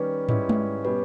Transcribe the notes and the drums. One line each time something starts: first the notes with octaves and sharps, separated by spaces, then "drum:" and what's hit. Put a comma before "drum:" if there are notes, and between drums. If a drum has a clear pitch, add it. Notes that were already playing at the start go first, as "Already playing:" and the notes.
Already playing: D#3 G3 C#4 B4
G#2 G3 C#4 E4, drum: tom
drum: tom G#3
B2 G3 C#4 G4 B4